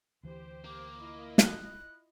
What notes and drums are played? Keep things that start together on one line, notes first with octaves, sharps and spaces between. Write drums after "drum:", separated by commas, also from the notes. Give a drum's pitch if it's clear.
D2 E3 G4 C5
A#3 D6
E4 F4 D#5
F#6, drum: snare